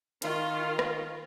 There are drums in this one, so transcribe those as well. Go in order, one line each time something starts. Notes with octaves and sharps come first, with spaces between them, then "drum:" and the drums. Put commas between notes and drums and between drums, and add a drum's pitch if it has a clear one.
D#3 F4, drum: hi-hat
drum: rim click